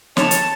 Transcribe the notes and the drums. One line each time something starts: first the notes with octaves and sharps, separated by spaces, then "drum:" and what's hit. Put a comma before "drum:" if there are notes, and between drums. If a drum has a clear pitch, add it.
C#5 A5, drum: snare
drum: hi-hat